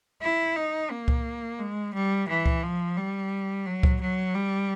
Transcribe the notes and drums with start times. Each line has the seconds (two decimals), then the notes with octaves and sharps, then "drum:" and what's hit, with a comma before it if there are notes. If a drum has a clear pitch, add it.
0.22 E4
0.56 D#4
0.90 A#3
1.08 drum: kick C#2
1.59 G#3
1.94 G3
2.28 E3
2.46 drum: kick C#2
2.63 F3
2.97 G3
3.66 F#3
3.83 drum: kick C#2
4.01 F#3
4.35 G3